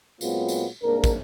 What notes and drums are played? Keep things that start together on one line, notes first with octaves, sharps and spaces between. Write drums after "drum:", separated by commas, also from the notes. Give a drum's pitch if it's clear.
A#2 F#3 G#3 B3 C4 F4, drum: tambourine
drum: tambourine
C2 G#2 A#3 D4 A#4
drum: kick, tambourine